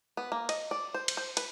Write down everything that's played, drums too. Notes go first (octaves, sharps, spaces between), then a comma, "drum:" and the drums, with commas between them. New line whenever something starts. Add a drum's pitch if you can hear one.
B3
A#3
D#5, drum: cymbal
D5
C5
drum: cymbal
C5
B4, drum: cymbal